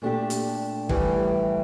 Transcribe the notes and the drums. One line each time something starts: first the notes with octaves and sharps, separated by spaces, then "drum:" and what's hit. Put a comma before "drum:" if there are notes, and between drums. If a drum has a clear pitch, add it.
A#2 A3 D4 G4
drum: hi-hat
A2 E3 G3, drum: kick G1